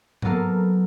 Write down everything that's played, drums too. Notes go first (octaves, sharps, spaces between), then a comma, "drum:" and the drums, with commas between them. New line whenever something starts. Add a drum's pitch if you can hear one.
F#3 A#3 B3 A4 F5, drum: tom G#2